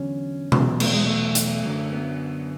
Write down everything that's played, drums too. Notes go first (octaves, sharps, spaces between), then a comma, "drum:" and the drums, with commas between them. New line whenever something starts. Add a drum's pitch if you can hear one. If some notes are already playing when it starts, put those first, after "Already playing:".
Already playing: E2 D3 F#3 C#4
E2 B2 F#3, drum: tom C3
A3, drum: cymbal
G#3
A3
drum: hi-hat
F#2 D3 F#3
B3